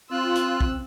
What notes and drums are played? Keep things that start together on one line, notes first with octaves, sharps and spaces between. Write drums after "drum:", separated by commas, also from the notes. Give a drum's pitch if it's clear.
C4 F4 E6 F#6
drum: hi-hat
drum: kick